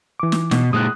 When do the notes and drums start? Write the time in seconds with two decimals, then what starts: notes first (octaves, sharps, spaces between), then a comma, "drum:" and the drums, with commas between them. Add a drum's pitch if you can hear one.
0.20 E3 D6
0.32 drum: snare
0.51 B2, drum: snare
0.73 A#2 G#3 D#6 F#6